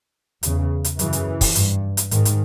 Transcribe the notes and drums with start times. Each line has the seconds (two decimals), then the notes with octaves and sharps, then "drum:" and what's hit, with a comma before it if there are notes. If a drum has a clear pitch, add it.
0.43 E2 C#3, drum: hi-hat
0.84 drum: hi-hat
0.99 F#2 C#3 E3, drum: hi-hat
1.13 drum: hi-hat
1.41 drum: kick, open hi-hat
1.55 G2, drum: hi-hat
1.97 drum: hi-hat
2.11 G#2 D#3, drum: hi-hat
2.25 drum: hi-hat